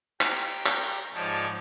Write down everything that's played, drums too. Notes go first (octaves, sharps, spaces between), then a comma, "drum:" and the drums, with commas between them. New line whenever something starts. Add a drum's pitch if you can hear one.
G4 G5 A#5, drum: clap
drum: clap
G#2 F3 D#4 C#5 D5 A5